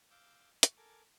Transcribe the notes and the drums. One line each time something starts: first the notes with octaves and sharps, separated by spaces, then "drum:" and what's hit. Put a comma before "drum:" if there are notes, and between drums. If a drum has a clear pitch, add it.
F5 D6 E6 G6
C#6, drum: hi-hat
A4 A#4 G#5 D6